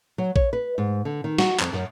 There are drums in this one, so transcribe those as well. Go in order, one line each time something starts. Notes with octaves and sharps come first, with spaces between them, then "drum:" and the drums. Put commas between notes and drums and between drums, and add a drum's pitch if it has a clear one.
F#3
C#5, drum: kick A#1
B4
G#2
D3
D#3
F#4, drum: snare
F2, drum: clap
F#2